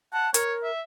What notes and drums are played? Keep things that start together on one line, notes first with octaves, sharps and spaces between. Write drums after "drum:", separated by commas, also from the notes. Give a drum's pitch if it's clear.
F#5 A5
A#4 C#5, drum: hi-hat
E5